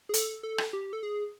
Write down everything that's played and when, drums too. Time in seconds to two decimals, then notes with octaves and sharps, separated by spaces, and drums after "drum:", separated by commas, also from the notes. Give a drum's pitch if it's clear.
0.09 G#4
0.14 A4, drum: hi-hat
0.43 A4
0.58 drum: rim click
0.73 G4
0.93 A4
1.03 G#4